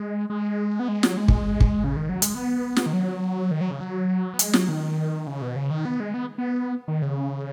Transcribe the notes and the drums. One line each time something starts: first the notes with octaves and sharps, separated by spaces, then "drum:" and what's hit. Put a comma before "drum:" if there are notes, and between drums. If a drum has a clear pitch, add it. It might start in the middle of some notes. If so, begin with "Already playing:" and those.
Already playing: G#3
G#3
B3
G#3
F#3, drum: snare
G#3
drum: kick
drum: kick
C#3
D#3
F#3
G#3, drum: hi-hat
B3
drum: snare
D#3
F#3
D#3
F#3
C#3
F#3
B3
G#3, drum: hi-hat
F#3, drum: snare
D#3
C#3
B2
C#3
D#3
B3
G#3
B3
B3
D#3
C#3